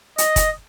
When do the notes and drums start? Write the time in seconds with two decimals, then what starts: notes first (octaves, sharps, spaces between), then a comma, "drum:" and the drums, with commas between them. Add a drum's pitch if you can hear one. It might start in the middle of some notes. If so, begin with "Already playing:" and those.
0.18 D#5, drum: hi-hat
0.36 drum: kick F1, hi-hat